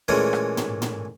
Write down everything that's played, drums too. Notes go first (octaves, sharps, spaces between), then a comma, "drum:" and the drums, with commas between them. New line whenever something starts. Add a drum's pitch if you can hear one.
A#2 E3 G#3 A3 C#4 G#4
drum: rim click
drum: tom
drum: tom